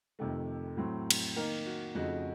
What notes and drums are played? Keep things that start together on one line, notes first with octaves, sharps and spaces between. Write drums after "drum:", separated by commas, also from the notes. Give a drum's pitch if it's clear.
F2 C3 D#3 A3
A2 F#3 C4
drum: cymbal
D#3 A#3 D#4 A#4
F#4
F2 C#3 A3 D#4 F#4